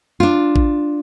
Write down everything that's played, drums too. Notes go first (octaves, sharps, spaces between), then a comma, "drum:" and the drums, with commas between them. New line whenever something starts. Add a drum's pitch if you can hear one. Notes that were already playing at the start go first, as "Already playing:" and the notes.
D4 F4
drum: kick A1